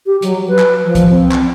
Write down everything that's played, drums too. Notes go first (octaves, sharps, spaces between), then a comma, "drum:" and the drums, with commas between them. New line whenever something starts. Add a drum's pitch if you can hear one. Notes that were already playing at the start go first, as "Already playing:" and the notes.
G4
F#3, drum: hi-hat
B4
drum: clap
F3
drum: kick C2, hi-hat
C4
drum: clap